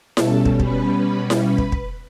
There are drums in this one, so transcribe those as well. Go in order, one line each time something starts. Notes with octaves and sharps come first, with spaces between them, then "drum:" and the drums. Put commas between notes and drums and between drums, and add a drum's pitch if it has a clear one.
B2 G3 C#4 A4 A5, drum: snare E4
drum: kick
B4 B5, drum: kick
drum: snare E4
B4 B5
drum: kick
drum: kick